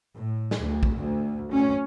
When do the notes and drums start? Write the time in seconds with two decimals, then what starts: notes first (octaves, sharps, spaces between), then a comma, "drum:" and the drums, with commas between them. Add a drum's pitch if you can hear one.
0.16 A2
0.51 drum: snare
0.60 D2
0.83 drum: kick
0.97 D2
1.52 C#4